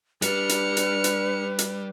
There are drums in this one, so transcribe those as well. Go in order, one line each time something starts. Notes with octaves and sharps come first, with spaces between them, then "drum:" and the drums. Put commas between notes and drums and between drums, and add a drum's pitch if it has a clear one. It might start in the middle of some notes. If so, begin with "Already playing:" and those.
G3 D4 B4 F6 C#7, drum: hi-hat
drum: hi-hat
drum: hi-hat
drum: hi-hat
drum: hi-hat